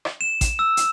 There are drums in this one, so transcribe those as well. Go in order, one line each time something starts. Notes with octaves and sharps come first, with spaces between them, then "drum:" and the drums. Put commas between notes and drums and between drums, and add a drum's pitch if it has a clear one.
drum: rim click
E7
drum: kick A1, hi-hat
E6
drum: hi-hat